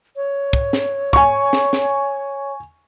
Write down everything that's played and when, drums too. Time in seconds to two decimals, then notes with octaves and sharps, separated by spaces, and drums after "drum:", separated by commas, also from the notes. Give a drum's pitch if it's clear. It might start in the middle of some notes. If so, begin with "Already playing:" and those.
0.16 C#5
0.53 drum: kick
0.73 drum: snare
1.13 G#5 C#6, drum: kick
1.53 drum: snare
1.73 drum: snare